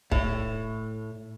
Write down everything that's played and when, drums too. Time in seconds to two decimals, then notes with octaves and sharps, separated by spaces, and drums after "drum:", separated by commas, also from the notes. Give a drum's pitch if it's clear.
0.11 A2, drum: kick